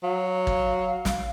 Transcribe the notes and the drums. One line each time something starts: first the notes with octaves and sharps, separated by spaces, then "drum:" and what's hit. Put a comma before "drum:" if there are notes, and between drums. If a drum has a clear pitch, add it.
F#3 F5
drum: kick
drum: snare